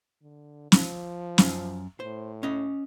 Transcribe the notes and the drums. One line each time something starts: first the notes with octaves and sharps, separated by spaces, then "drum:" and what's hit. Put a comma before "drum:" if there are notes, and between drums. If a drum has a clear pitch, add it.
D3
F3, drum: snare
F#2 F5, drum: snare
A2 C5
C#4 D#5